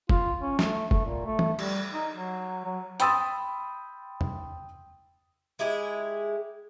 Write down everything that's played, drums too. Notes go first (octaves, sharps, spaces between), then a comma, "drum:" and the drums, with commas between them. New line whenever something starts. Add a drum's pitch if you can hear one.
F4, drum: kick
C#4
A3, drum: snare
A3, drum: kick
A#2
A3
drum: tom E3
G3, drum: cymbal
D#4
F#3
F#3
G5 B5 C6 D#6 E6 A6, drum: hi-hat
drum: tom
G#3 E4 G4 G#4